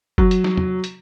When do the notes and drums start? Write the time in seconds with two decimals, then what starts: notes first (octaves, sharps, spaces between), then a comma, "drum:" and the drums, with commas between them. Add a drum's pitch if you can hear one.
0.18 F#3, drum: kick F#1
0.31 drum: hi-hat
0.44 drum: snare
0.57 drum: tom E2
0.84 drum: hi-hat